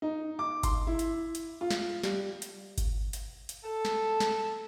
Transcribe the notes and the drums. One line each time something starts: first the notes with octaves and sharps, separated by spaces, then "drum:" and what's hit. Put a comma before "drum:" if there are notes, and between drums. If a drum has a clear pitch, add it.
D#4
D6
C6, drum: kick G1, hi-hat
E4
drum: hi-hat
drum: hi-hat
F4
drum: snare
G3, drum: snare
drum: hi-hat
drum: kick G1, hi-hat
drum: hi-hat
drum: hi-hat
A4
drum: snare
drum: snare